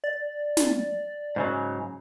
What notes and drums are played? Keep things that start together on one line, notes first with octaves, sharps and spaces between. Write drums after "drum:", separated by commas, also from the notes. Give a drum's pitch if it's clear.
D5
drum: snare
G#2 C#3 F#3